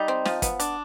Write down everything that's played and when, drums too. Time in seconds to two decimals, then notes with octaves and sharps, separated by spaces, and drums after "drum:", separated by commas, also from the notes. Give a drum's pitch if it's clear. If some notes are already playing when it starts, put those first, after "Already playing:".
Already playing: G3 D#4
0.08 C4
0.25 F3, drum: snare
0.42 B3, drum: kick, hi-hat
0.60 D4, drum: hi-hat